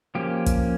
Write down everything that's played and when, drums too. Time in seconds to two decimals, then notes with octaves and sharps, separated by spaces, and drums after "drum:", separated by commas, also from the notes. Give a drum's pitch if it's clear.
0.15 F3 A#3 C#4 G4
0.46 drum: kick, hi-hat